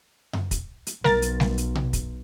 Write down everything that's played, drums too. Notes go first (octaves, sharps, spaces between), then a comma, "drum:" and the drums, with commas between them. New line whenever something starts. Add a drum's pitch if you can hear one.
drum: tom F#2
drum: kick, hi-hat
drum: hi-hat
B1 A#4 A6, drum: snare G3
drum: hi-hat
drum: snare G3
drum: hi-hat
drum: tom B2
drum: kick, hi-hat